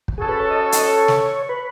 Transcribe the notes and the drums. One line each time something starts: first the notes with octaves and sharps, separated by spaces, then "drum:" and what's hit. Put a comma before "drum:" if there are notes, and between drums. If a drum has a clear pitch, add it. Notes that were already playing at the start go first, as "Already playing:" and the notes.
drum: kick
C#4 F#4 G#4 A4
B4
C#5
D#5
C#5
D#5, drum: hi-hat
C#5
drum: snare
B4